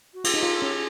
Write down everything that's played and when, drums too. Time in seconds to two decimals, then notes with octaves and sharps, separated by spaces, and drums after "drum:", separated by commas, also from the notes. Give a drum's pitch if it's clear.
0.14 F#4
0.24 F4 G#4, drum: cymbal
0.34 D#4
0.43 F4
0.62 C#4